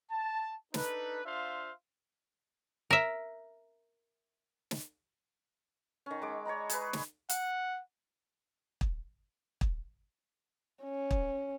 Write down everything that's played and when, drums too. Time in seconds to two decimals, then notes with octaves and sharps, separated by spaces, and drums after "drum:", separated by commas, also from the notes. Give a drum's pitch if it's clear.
0.11 A5
0.74 D4 D#4 A4 B4, drum: snare
1.25 D4 F4 C5 E5 F5 C6
2.91 A#4 E5
4.71 drum: snare
6.06 D#3 C#4
6.22 G#3 D6
6.45 C#5 D5 A#5 B5
6.70 G#4 B4, drum: hi-hat
6.93 drum: snare
7.29 F#5, drum: hi-hat
8.81 drum: kick
9.61 drum: kick
10.83 C#4
11.11 drum: kick